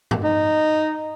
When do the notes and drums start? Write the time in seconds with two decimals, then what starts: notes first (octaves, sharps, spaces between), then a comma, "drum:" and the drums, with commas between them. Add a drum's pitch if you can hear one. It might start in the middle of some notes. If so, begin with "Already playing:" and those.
0.11 drum: tom G2
0.24 D#4